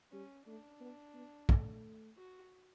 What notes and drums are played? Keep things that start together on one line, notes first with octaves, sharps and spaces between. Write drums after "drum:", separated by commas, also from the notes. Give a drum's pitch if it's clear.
G3 C#4
A3 D4
B3
B3
A3, drum: kick
F#4